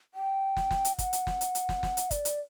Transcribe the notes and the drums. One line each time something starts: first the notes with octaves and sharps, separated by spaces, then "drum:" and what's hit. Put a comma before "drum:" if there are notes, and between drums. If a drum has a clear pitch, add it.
G5
drum: snare
drum: snare
drum: hi-hat
F#5, drum: kick, hi-hat
drum: hi-hat
drum: snare
drum: hi-hat
drum: hi-hat
drum: snare
drum: snare
drum: hi-hat
D5, drum: kick, hi-hat
drum: hi-hat